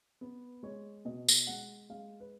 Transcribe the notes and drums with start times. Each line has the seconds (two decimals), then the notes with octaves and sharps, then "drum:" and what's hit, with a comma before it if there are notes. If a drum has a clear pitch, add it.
0.21 B3 B4
0.63 G#3 C#5
1.05 B2 D#5
1.28 drum: tambourine
1.47 G#3 F#5
1.90 G#3 F5
2.20 B4